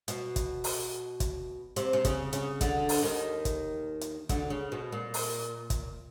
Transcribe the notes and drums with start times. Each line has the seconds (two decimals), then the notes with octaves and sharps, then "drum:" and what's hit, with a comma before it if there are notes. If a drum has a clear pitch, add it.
0.08 B2, drum: hi-hat
0.36 drum: kick, hi-hat
0.64 drum: open hi-hat
1.20 drum: kick, hi-hat
1.76 C3, drum: hi-hat
1.93 C3
2.05 C#3, drum: kick, hi-hat
2.33 C#3, drum: hi-hat
2.61 D2 D3, drum: kick, hi-hat
2.89 drum: open hi-hat
3.02 D#2 D#3
3.45 drum: kick, hi-hat
4.01 drum: hi-hat
4.29 D2 D3, drum: kick, hi-hat
4.50 C#3
4.72 B2
4.92 A#2
5.14 drum: open hi-hat
5.70 drum: kick, hi-hat